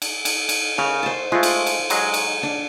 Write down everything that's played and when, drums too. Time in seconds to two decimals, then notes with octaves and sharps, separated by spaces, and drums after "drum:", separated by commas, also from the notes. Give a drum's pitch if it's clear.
0.02 drum: cymbal
0.25 drum: cymbal
0.49 drum: cymbal
0.78 C#3 A#4
1.03 C5 A5
1.32 G#3 A3 F4
1.43 drum: cymbal
1.66 drum: cymbal
1.90 F#3 G#3, drum: cymbal
2.14 drum: cymbal
2.43 D4